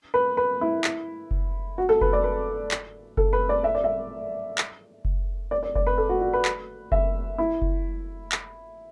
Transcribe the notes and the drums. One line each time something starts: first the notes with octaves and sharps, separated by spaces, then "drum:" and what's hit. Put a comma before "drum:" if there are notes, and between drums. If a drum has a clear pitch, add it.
B4
B4
E4
drum: clap
drum: kick F#1
F#4
A4
B4, drum: kick F#1
D5
B4
drum: clap
A4, drum: kick F#1
B4
D5
E5
D5
E5
drum: clap
drum: kick F#1
D5
D5
D5, drum: kick F#1
B4
A4
F#4
F#4
B4
drum: clap
E5, drum: kick F#1
E4
drum: kick F#1
drum: clap